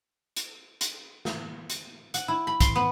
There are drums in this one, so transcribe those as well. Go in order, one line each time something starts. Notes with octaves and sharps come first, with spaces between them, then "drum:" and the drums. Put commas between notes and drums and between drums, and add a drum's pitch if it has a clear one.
drum: hi-hat
drum: hi-hat
drum: snare
drum: hi-hat
F#5, drum: hi-hat
E4
B5
C6, drum: kick, hi-hat
B3